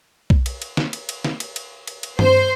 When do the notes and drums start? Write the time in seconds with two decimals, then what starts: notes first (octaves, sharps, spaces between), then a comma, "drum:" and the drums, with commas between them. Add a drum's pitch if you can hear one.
0.30 drum: kick B1
0.46 drum: cymbal
0.62 drum: cymbal
0.77 drum: snare
0.93 drum: cymbal
1.09 drum: cymbal
1.25 drum: snare
1.40 drum: cymbal
1.56 drum: cymbal
1.87 drum: cymbal
2.03 drum: cymbal
2.19 C5, drum: tom G2